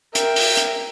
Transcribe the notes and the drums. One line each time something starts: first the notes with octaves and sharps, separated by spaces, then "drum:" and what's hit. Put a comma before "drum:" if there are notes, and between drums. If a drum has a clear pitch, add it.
A#4 E5 G5, drum: hi-hat
drum: open hi-hat
drum: hi-hat